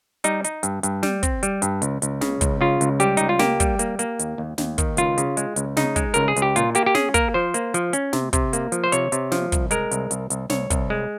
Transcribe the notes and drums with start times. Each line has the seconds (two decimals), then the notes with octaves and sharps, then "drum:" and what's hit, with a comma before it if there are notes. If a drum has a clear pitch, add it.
0.24 G3 D#4, drum: hi-hat
0.44 D#4, drum: hi-hat
0.63 G2, drum: hi-hat
0.83 G2, drum: hi-hat
1.03 G3, drum: snare
1.23 C4, drum: kick, hi-hat
1.43 G3, drum: hi-hat
1.62 G2, drum: hi-hat
1.82 C#2, drum: hi-hat
2.02 C#2, drum: hi-hat
2.21 C#3, drum: snare
2.41 C#2, drum: kick, hi-hat
2.61 C#3 F4
2.81 C#2, drum: hi-hat
3.00 G3 G4, drum: hi-hat
3.17 C#2 D#4, drum: hi-hat
3.29 F4
3.39 A#3 G4, drum: snare
3.60 G3, drum: kick, hi-hat
3.79 A#3, drum: hi-hat
3.99 A#3, drum: hi-hat
4.19 D#2, drum: hi-hat
4.38 D#2
4.58 D#2, drum: snare
4.78 D#3, drum: kick, hi-hat
4.97 C#2 F4, drum: hi-hat
5.18 C#3, drum: hi-hat
5.37 G#3, drum: hi-hat
5.56 C#2, drum: hi-hat
5.77 C#3 D#4, drum: snare
5.96 G#3, drum: kick, hi-hat
6.14 C#2 A#4, drum: hi-hat
6.28 G#4
6.36 C#2, drum: hi-hat
6.42 G4
6.56 A#2 F4, drum: hi-hat
6.75 A#3 G4, drum: hi-hat
6.86 G4
6.95 C#4 G#4, drum: snare
7.14 A#3 A#4, drum: kick, hi-hat
7.34 F3 C5
7.54 A#3, drum: hi-hat
7.74 F3, drum: hi-hat
7.93 C#4, drum: hi-hat
8.13 C3, drum: snare
8.33 C3, drum: kick, hi-hat
8.53 A#3, drum: hi-hat
8.72 F3, drum: hi-hat
8.84 C5
8.92 C3 C#5, drum: hi-hat
9.12 C3, drum: hi-hat
9.32 F3, drum: snare
9.52 C2, drum: kick, hi-hat
9.71 G#3 A#4, drum: hi-hat
9.91 C2, drum: hi-hat
10.11 C2, drum: hi-hat
10.30 C2, drum: hi-hat
10.50 C2 C#5, drum: snare
10.70 C2, drum: kick, hi-hat
10.90 G#3